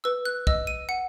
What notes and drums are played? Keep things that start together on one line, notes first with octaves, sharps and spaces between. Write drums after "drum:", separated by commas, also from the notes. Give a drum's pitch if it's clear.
B4 E6
F#6
D#5 E6, drum: kick
D#7
F#5 C#7